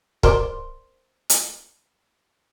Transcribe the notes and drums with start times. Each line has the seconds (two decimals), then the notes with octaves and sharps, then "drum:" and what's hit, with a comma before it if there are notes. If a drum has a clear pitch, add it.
0.23 A#4 C5 D5, drum: kick
1.30 drum: hi-hat